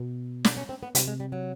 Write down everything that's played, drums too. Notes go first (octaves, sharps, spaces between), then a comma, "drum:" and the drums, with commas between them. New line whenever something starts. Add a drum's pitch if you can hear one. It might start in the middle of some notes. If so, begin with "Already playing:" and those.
Already playing: B2
D4, drum: snare
C#4
C4
B3
C3 G3, drum: hi-hat
G#3
G3
F#3